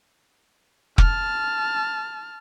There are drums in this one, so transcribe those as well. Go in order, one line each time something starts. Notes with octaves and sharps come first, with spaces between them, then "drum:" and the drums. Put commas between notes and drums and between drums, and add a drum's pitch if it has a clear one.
A5 F6, drum: kick F1